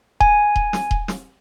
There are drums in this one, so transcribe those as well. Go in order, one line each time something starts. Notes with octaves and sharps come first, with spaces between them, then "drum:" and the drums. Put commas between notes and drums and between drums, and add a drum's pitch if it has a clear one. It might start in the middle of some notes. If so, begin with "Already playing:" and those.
G#5, drum: kick D#1
drum: kick D#1
drum: snare
drum: kick D#1
drum: snare